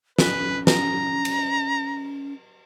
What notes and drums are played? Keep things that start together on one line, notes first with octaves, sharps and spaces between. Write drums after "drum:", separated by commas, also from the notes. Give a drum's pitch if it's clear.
C#4 B4, drum: snare
A#5, drum: snare
drum: cymbal